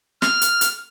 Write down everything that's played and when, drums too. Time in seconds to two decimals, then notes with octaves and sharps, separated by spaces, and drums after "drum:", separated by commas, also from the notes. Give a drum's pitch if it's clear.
0.22 F6, drum: snare
0.41 drum: hi-hat
0.61 drum: hi-hat